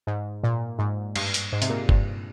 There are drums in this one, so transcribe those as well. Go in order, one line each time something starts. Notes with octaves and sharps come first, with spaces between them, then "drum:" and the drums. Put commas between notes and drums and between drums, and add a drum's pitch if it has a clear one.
G#2
A#2
G#2
G2, drum: cymbal
drum: hi-hat
G#2
C3, drum: hi-hat
A#2
G2, drum: kick